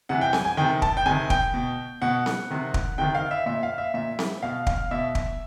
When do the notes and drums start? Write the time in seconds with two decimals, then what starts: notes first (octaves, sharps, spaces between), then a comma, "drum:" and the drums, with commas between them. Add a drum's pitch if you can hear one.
0.09 C3 E3 F#5
0.21 G5
0.33 G#5, drum: snare C4
0.45 G#5
0.57 C3 D#3 G5
0.82 A5, drum: kick
0.97 G5
1.06 C3 D#3 G#5
1.30 G5, drum: kick
1.54 B2
2.02 B2 F#5
2.26 drum: snare C4
2.50 C3 D#3
2.74 drum: kick
2.98 C3 D#3 G5
3.15 F5
3.31 E5
3.46 A#2 E5
3.63 F5
3.78 E5
3.94 A#2 E5
4.19 drum: snare C4
4.42 B2 F5
4.67 F5, drum: kick
4.91 B2 E5
5.15 drum: kick